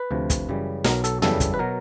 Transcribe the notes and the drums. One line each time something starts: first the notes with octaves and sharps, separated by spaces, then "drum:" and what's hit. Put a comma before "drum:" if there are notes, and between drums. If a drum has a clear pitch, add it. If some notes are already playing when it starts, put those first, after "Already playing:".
Already playing: B4
D2 C3 F3
drum: kick, hi-hat
F#2 C#3 E3 G3
B1 B2 F#3 A#4, drum: snare
A4, drum: hi-hat
F#2 C#3 E3 G3 A4, drum: tom
drum: kick, hi-hat
B4
B2 F#3 A#4